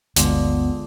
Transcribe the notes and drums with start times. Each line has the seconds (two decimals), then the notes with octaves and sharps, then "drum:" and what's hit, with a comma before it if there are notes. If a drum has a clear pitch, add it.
0.16 G1 D2 D3 G#3 B3 F4, drum: hi-hat